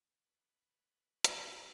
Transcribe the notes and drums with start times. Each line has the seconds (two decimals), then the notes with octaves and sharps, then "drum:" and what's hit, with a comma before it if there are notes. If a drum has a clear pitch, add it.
0.24 B4 B5
1.24 drum: hi-hat